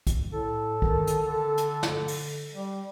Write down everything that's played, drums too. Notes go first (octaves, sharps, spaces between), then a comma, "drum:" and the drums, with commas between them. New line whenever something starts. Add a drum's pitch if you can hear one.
drum: kick B1, hi-hat
A2 A4
D#3, drum: kick B1
drum: hi-hat
D3
drum: hi-hat
drum: snare
drum: open hi-hat
G3